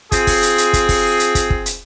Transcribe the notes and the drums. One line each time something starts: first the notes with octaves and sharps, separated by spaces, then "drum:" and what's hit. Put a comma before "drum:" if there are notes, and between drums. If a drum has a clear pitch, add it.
C4 F4 G#4, drum: kick, hi-hat
drum: kick, open hi-hat
drum: hi-hat
drum: hi-hat
drum: kick, hi-hat
drum: kick, open hi-hat
drum: hi-hat
drum: kick, hi-hat
drum: kick
drum: hi-hat